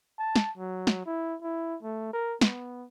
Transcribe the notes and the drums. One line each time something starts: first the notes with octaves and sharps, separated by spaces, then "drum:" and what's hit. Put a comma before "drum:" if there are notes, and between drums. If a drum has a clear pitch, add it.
A5
drum: snare
F#3
drum: snare
E4
E4
A3
A#4
B3, drum: snare